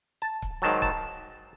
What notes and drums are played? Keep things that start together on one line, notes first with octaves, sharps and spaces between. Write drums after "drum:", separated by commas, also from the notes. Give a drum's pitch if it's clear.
A5
drum: kick C#1
G#2 D#3 F#3 A5
A5, drum: kick C#1